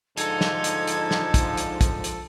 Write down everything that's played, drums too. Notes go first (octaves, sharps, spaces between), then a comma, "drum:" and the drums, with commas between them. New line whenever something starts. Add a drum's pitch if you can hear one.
G#2 D3 F3 D#4 A4 G#6, drum: hi-hat
drum: snare
drum: hi-hat
drum: hi-hat
drum: snare
drum: kick, hi-hat
drum: hi-hat
drum: kick, hi-hat
drum: hi-hat